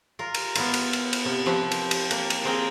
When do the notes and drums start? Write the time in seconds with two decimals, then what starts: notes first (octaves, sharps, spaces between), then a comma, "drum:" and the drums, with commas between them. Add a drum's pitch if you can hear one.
0.19 F4 A#4
0.34 drum: cymbal
0.55 B3 E4 F4, drum: cymbal
0.74 drum: cymbal
0.93 drum: cymbal
1.13 drum: cymbal
1.25 C3 B3
1.46 F3 C4 G4 B4
1.71 drum: cymbal
1.91 drum: cymbal
2.11 A#3, drum: cymbal
2.30 drum: cymbal
2.45 C4 G#4 A#4 G5